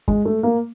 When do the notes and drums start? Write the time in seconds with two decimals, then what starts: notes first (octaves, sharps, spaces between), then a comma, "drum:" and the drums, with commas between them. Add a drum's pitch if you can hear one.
0.08 G#3, drum: kick
0.25 A3
0.43 A#3